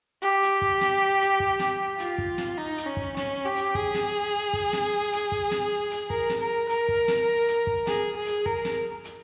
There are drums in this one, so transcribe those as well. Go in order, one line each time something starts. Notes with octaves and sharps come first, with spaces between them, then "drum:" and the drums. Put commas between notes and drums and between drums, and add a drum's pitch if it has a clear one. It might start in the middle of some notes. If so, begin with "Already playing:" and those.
G4
drum: hi-hat
drum: kick
drum: snare
drum: hi-hat
drum: kick
drum: snare
F4, drum: hi-hat
drum: kick
drum: snare
D#4
drum: hi-hat
C#4
drum: kick
C#4, drum: snare
G4
drum: hi-hat
G#4, drum: kick
drum: snare
drum: kick
drum: snare
drum: hi-hat
drum: kick
drum: snare
drum: hi-hat
A#4, drum: kick
drum: snare
A#4
A#4, drum: hi-hat
drum: kick
drum: snare
drum: hi-hat
drum: kick
G#4, drum: snare
G#4
drum: hi-hat
A#4, drum: kick
drum: snare
drum: hi-hat